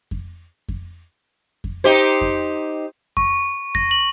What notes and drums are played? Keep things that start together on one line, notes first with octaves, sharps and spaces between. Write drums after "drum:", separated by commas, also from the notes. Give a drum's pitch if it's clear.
drum: kick F2
drum: kick F2
drum: kick F2
D#4 G4 C5
drum: kick F2
C#6, drum: kick F2
A#6, drum: kick F2
F#7